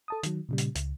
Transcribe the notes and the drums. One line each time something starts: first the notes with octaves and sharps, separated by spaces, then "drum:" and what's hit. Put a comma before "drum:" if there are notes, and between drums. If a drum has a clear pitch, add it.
A4 A5 D#6
D#3 F#3, drum: hi-hat
A#2 C#3 G3
drum: hi-hat
C#2, drum: hi-hat